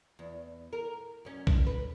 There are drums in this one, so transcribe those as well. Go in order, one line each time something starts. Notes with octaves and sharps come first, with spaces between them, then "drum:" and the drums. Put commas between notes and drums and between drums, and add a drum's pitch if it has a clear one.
E2
A#4
F#2 C#4
drum: kick
B4